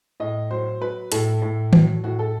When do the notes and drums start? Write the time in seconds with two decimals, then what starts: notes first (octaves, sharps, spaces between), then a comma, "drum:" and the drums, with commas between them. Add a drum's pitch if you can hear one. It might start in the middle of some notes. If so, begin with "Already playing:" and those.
0.20 A2 D#5
0.51 F#3 C5
0.81 F#3 B4
1.12 A2 A4, drum: hi-hat
1.42 A2
1.73 F#3, drum: tom D#3
2.04 A2 F#4
2.19 A4